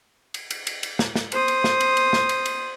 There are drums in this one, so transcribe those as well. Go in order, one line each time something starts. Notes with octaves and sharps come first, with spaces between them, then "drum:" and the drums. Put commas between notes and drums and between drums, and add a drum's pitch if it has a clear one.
drum: cymbal
drum: cymbal
drum: cymbal
drum: cymbal
drum: snare
drum: snare
C5 D#6, drum: cymbal
drum: cymbal
drum: snare
drum: cymbal
drum: cymbal
drum: snare
drum: cymbal
drum: cymbal